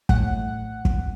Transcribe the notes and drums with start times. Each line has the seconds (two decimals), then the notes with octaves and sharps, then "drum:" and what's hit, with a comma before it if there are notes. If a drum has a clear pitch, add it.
0.09 A2 F#5, drum: kick
0.85 drum: kick